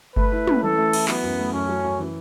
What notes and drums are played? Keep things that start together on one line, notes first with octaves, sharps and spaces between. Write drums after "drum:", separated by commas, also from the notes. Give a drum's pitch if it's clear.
A3 B4, drum: kick G1
E4
C#4, drum: tom
E3 A4
A3
E4, drum: cymbal
F#3 B3, drum: clap
F#2
A3
F#2 C#4
F#3
F#2
E3